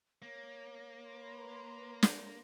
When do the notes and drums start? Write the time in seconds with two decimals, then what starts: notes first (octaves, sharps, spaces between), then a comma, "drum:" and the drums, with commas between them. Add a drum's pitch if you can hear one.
0.22 A#3 C#5
1.07 B4 A#5 C6
2.03 drum: snare